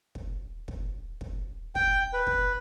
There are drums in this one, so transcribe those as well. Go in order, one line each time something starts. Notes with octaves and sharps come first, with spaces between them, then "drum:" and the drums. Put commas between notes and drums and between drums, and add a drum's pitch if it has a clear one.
drum: kick
drum: kick
drum: kick
G5, drum: kick
B4
drum: kick